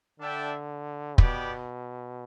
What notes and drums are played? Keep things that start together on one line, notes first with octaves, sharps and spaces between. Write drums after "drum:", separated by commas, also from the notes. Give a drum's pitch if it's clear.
D3 D4 A4 E5 G5
B2 B3 G4 D5 G5, drum: kick